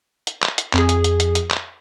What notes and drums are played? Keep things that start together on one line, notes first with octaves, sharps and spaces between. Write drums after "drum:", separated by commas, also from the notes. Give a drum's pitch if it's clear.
drum: hi-hat
drum: clap
drum: hi-hat
F2 G#4, drum: clap
drum: hi-hat
drum: hi-hat
drum: hi-hat
drum: hi-hat
drum: clap